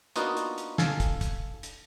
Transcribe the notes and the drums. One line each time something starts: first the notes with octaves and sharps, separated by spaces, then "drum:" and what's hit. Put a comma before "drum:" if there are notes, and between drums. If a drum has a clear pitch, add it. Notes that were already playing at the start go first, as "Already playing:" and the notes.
A#3 B3 D4 D#4 F4 F#4, drum: hi-hat
drum: hi-hat
drum: hi-hat
A4 F5 G#5, drum: snare
drum: kick, hi-hat
drum: kick, hi-hat
drum: hi-hat